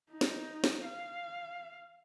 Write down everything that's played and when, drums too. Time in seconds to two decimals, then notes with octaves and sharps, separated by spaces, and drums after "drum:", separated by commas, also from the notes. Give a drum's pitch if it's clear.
0.12 D#4
0.21 drum: snare
0.64 drum: snare
0.85 F5